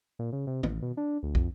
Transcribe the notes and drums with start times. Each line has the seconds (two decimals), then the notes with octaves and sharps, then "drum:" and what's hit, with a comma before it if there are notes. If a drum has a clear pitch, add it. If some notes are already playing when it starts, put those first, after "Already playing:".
0.19 A#2
0.33 C#3
0.47 C3
0.63 A1, drum: tom
0.82 B2
0.97 D4
1.23 D2
1.35 F2, drum: kick